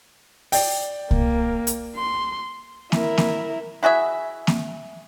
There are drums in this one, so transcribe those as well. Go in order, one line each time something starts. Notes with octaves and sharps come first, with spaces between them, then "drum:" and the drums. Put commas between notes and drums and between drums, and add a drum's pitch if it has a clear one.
D5 G5, drum: open hi-hat
A#3, drum: kick C2
drum: hi-hat
C6
E4 A#4, drum: snare A#3
drum: snare A#3
E4 F#4 G#4 E5
drum: snare A#3